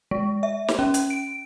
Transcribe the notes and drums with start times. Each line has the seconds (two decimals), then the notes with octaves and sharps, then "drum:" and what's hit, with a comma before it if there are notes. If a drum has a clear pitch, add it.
0.11 G#3
0.43 E5
0.68 drum: snare
0.79 C#4
0.94 drum: hi-hat
1.10 D7